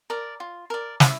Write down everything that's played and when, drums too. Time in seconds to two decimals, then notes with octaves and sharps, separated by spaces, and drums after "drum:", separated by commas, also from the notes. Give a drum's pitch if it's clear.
0.10 A#4 D5
0.40 F4
0.70 A#4 D5
1.00 E4 E5, drum: snare